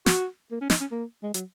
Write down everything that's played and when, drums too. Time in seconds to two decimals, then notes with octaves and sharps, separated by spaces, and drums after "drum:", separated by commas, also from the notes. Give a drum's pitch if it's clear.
0.06 F#4, drum: snare
0.51 A#3
0.61 C#4
0.70 D#4, drum: snare
0.81 C#4
0.91 A#3
1.23 G#3
1.34 F#3, drum: hi-hat